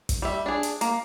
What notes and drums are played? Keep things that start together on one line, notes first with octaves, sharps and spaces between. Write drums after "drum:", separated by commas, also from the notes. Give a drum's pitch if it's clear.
drum: kick, hi-hat
G3 E5
D4 G#4
drum: hi-hat
A#3, drum: hi-hat